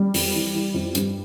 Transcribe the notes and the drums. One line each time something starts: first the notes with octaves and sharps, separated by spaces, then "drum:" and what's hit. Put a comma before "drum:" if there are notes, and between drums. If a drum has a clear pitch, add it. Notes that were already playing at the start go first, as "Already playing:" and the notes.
Already playing: G3
F2, drum: open hi-hat
E3
E3
F2
G2, drum: hi-hat